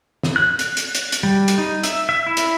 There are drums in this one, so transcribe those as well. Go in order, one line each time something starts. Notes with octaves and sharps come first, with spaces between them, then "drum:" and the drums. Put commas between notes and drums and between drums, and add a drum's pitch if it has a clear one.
drum: snare
F#6
drum: hi-hat
drum: hi-hat
drum: hi-hat
drum: hi-hat
G3
drum: hi-hat
D#4
E5, drum: hi-hat
E5
E4
drum: hi-hat